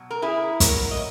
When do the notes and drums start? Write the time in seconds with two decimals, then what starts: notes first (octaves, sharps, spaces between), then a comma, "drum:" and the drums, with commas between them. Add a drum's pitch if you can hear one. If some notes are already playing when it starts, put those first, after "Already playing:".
Already playing: B2 F#3
0.11 A#4
0.22 E4 G#4
0.60 A#2 F#3 A#4 C#5, drum: kick, hi-hat
0.91 D#5